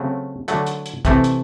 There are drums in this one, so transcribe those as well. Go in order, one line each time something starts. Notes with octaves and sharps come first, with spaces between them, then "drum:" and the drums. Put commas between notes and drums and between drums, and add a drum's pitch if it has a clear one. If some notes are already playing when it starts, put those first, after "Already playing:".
Already playing: C#3 F#3 A3 C4
D3 F#3 A3, drum: hi-hat
drum: hi-hat
drum: hi-hat
C3 E3 A3 C4, drum: kick, hi-hat
drum: hi-hat